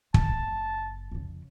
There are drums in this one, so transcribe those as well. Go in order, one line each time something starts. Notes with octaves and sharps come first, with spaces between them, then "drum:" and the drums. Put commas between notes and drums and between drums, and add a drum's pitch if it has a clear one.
F#1 A5, drum: kick
F2 C#3